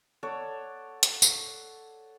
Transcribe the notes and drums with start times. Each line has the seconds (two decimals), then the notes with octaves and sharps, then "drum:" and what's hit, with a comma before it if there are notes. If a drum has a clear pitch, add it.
0.23 A4 C#5 D5 F#5
1.03 drum: hi-hat
1.22 drum: tambourine